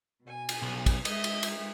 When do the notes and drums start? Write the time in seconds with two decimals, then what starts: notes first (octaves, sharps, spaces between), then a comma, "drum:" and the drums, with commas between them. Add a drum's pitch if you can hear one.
0.24 B2 G#5
0.49 drum: cymbal
0.62 B1
0.86 drum: kick, cymbal
1.05 G#3 D#5 E5, drum: cymbal
1.24 drum: cymbal
1.43 drum: cymbal